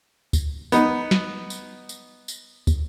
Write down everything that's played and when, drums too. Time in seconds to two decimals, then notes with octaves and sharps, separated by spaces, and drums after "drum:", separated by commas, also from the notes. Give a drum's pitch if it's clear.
0.33 drum: kick, tambourine
0.72 B3 D#4, drum: tambourine
1.11 drum: snare
1.50 drum: tambourine
1.89 drum: tambourine
2.28 drum: tambourine
2.67 drum: kick, tambourine